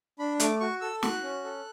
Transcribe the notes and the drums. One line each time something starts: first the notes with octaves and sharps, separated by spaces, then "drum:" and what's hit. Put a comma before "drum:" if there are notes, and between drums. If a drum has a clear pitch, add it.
D4 B5
A3 D6, drum: hi-hat
F#4 C#6
A4 E6
F#4 F#6, drum: snare
C#4
A4